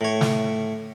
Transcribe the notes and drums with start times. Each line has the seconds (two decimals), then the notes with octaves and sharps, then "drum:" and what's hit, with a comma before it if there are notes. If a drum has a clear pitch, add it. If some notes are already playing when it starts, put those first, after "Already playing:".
0.01 A2 C#5
0.21 drum: snare